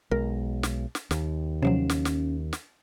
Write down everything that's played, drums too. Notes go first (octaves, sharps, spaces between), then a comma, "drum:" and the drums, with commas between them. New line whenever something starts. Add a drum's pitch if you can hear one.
B1 G#3 A#4
drum: snare
drum: snare
D#2, drum: snare
C3 F3 F#3 C#4
drum: snare
drum: snare
drum: snare